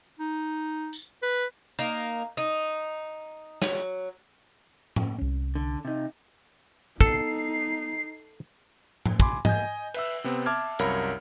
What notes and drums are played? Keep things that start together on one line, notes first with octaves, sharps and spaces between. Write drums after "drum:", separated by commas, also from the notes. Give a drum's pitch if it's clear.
D#4
drum: tambourine
B4
A#3 D#4
D#4
F#3, drum: snare
drum: tom A2
C2 C#4
D3
C3 D#4
B3 D#4 A4 C7, drum: kick
drum: tom A2
G#5 B5 C6 D6, drum: kick
D#5 G#5 G6, drum: tom G#2
B4 E5 E6, drum: cymbal
C3 B3 C4
E5 A5 D6 F6 G#6
C2 F#2 A#4 C#5 F5 B5, drum: hi-hat